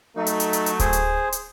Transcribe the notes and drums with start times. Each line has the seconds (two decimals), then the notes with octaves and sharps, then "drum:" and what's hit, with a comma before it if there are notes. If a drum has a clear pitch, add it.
0.16 F#3 A3 D#4
0.26 drum: hi-hat
0.40 drum: hi-hat
0.53 drum: hi-hat
0.66 drum: hi-hat
0.79 G#4 C5, drum: kick D1, hi-hat
0.93 drum: hi-hat
1.32 drum: hi-hat